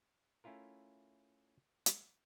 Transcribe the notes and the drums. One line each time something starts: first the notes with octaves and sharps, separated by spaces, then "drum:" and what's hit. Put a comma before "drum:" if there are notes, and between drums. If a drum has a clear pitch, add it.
A3 C#4 E4 F4 A#4
drum: hi-hat